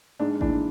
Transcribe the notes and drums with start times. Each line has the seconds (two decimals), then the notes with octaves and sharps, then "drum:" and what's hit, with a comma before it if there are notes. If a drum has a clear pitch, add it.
0.20 G#2 D4
0.41 E3 D4, drum: kick G#1